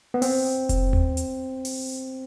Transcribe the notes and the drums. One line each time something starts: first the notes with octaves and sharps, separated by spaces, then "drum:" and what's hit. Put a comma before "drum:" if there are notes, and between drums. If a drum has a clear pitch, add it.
B3
C4, drum: open hi-hat
drum: kick F1, hi-hat
drum: tom D#2
drum: hi-hat
drum: open hi-hat